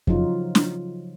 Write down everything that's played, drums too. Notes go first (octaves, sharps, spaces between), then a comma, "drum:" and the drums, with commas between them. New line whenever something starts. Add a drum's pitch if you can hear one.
C#3 F3 F#3 D#4 F4, drum: kick F2
drum: snare